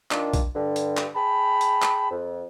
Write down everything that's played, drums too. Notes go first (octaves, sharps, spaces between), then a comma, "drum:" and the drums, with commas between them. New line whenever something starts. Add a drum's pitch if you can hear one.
D#3 A#3 D4 D#4 F4, drum: clap
drum: kick B1, hi-hat
G2 D3
drum: hi-hat
drum: clap
G#4 G5 A5 B5
drum: hi-hat
drum: clap
F2